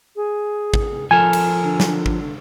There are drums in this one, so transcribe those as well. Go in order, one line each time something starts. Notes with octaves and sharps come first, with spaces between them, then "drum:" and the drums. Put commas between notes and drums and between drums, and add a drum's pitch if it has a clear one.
G#4
drum: kick
F3 A4 A#4 G#5
drum: cymbal
D3
drum: snare
drum: kick